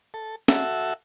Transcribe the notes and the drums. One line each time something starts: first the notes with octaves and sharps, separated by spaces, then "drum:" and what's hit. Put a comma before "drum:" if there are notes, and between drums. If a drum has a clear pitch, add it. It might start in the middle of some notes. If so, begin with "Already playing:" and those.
A4
F#4 A4 E5, drum: snare